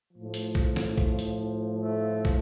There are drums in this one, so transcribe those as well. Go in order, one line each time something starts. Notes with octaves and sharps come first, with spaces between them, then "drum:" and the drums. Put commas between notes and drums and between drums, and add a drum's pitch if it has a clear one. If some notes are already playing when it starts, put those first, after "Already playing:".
A2 F3
drum: hi-hat
drum: kick
drum: snare
drum: kick
drum: hi-hat
A3
drum: kick